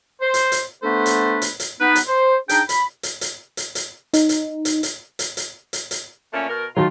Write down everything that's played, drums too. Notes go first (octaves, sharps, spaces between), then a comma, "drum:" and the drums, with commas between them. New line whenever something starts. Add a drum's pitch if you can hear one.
C5
drum: hi-hat
drum: hi-hat
A3 B3 D4 A4 B4 C5
drum: hi-hat
drum: hi-hat
drum: hi-hat
B3 D#4 B4
drum: hi-hat
C5
D4 D#4 G#4 G5, drum: hi-hat
B5, drum: hi-hat
drum: hi-hat
drum: hi-hat
drum: hi-hat
drum: hi-hat
D#4, drum: hi-hat
drum: hi-hat
drum: hi-hat
drum: hi-hat
drum: hi-hat
drum: hi-hat
drum: hi-hat
drum: hi-hat
A#2 A3 C#4
B2 A#4
D#3 F#3 A3 F4